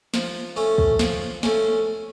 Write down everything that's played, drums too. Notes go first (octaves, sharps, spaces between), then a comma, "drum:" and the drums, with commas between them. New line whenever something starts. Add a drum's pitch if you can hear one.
F3, drum: snare
A3 C#4
drum: kick
F3, drum: snare
A3 C#4, drum: snare